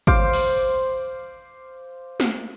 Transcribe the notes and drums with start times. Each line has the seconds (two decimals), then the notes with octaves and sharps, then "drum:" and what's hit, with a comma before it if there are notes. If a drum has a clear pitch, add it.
0.07 C5 F5 D6, drum: kick G#1
0.33 drum: cymbal
2.20 drum: snare